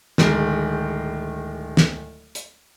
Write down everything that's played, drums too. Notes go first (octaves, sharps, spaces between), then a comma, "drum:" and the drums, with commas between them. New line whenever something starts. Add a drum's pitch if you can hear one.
D1 D#3 G#3, drum: snare
drum: snare
drum: hi-hat